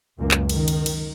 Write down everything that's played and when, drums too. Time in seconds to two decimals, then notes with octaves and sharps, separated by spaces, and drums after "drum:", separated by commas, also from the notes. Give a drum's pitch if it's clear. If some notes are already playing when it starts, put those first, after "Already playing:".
0.18 C#2 F#2 A#3
0.31 drum: clap
0.49 D#3, drum: cymbal
0.68 drum: cymbal
0.86 drum: cymbal